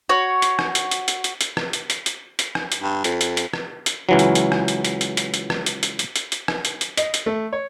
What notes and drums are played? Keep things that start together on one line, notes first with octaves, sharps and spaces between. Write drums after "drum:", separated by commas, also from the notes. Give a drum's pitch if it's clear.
F#4 C#5
drum: hi-hat
drum: rim click
drum: hi-hat
drum: hi-hat
drum: hi-hat
drum: hi-hat
drum: hi-hat
drum: rim click
drum: hi-hat
drum: hi-hat
drum: hi-hat
drum: hi-hat
drum: rim click
drum: hi-hat
G2
F2, drum: hi-hat
drum: hi-hat
drum: hi-hat
drum: rim click
drum: hi-hat
C#2 E3 F#3
drum: hi-hat
drum: hi-hat
drum: rim click
drum: hi-hat
drum: hi-hat
drum: hi-hat
drum: hi-hat
drum: hi-hat
drum: rim click
drum: hi-hat
drum: hi-hat
drum: hi-hat
drum: hi-hat
drum: hi-hat
drum: rim click
drum: hi-hat
drum: hi-hat
D#5, drum: hi-hat
drum: hi-hat
A3
C#5